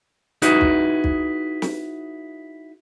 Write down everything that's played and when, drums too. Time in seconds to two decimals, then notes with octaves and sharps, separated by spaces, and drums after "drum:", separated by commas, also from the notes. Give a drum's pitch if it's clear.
0.42 D#4 E4 F#4 G#4 B4, drum: hi-hat
0.61 drum: kick
1.04 drum: kick
1.62 drum: snare